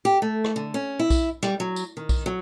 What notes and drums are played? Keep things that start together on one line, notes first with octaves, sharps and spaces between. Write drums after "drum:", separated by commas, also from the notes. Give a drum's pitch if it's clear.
G4
A3
drum: rim click
D3
C#4
E4
drum: kick B1, tambourine
G3, drum: rim click
F#3
drum: tambourine
D#3
drum: kick B1, tambourine
F#3